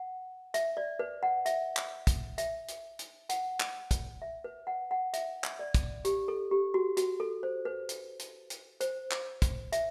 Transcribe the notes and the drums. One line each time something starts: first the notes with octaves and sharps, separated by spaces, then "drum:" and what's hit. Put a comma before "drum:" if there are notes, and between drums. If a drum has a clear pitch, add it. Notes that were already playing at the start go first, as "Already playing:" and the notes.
Already playing: F#5
E5, drum: hi-hat
D5
B4
F#5
E5, drum: hi-hat
drum: clap
drum: kick, hi-hat
E5, drum: hi-hat
drum: hi-hat
drum: hi-hat
F#5, drum: hi-hat
drum: clap
drum: kick, hi-hat
E5
B4
F#5
F#5
E5, drum: hi-hat
drum: clap
D5
drum: kick, hi-hat
G4, drum: hi-hat
A4
G4
F#4
F#4, drum: hi-hat
A4
C5
B4
drum: hi-hat
drum: hi-hat
drum: hi-hat
C5, drum: hi-hat
drum: clap
drum: kick, hi-hat
E5, drum: hi-hat